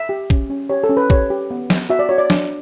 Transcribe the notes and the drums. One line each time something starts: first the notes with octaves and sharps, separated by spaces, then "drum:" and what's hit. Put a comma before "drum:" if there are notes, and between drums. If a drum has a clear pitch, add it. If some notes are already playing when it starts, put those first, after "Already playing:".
Already playing: E5
G4
C#4, drum: kick
C#4
G4 C#5
A4
C#4
B4
G4 C#5, drum: kick
G4
B3
B3, drum: snare
F#4 E5
D5
F#4 C#5
D5
D4, drum: snare